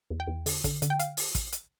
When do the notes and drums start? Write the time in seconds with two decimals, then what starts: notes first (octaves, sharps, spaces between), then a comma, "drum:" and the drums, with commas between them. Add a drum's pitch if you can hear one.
0.10 E2
0.20 G5
0.28 E2
0.46 D3, drum: open hi-hat
0.64 D3, drum: kick, hi-hat
0.82 D3, drum: hi-hat
0.90 G5
1.00 F5, drum: hi-hat
1.17 drum: open hi-hat
1.35 drum: kick, hi-hat
1.53 drum: hi-hat